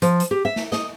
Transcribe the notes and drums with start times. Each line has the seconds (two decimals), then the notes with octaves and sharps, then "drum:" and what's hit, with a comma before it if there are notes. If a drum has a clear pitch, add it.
0.02 F3, drum: hi-hat
0.20 drum: hi-hat
0.31 G4
0.45 E5
0.56 drum: snare
0.72 D#5, drum: snare